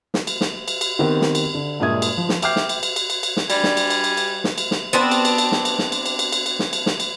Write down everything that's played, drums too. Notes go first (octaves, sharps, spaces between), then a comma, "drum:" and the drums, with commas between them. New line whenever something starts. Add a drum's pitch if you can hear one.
drum: snare
drum: cymbal
drum: snare
drum: cymbal
drum: cymbal
D#3 B3 C4 G4 A#4 B4
drum: snare
drum: cymbal
D3
G2 A#2 G#3 E5 D#6 G#6
drum: cymbal
F3
drum: snare
E5 G5 D6 F6 G6 C7, drum: cymbal
drum: snare
drum: cymbal
drum: cymbal
drum: cymbal
drum: cymbal
drum: cymbal
drum: snare
G3 D4 D5 G#5 B5, drum: cymbal
drum: snare
drum: cymbal
drum: cymbal
drum: cymbal
drum: cymbal
drum: snare
drum: cymbal
drum: snare
B3 C4 D4 A5
drum: cymbal
drum: cymbal
drum: cymbal
drum: snare
drum: cymbal
drum: snare
drum: cymbal
drum: cymbal
drum: cymbal
drum: cymbal
drum: cymbal
drum: snare
drum: cymbal
drum: snare
drum: cymbal